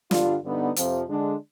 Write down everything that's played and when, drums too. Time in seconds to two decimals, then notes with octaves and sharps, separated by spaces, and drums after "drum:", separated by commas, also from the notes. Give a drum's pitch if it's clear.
0.11 G2 D3 G3 D4 F4, drum: snare
0.43 G2 D3 G3 B3 D#4
0.76 F2 C3 F3, drum: hi-hat
1.09 D3 G#3 D4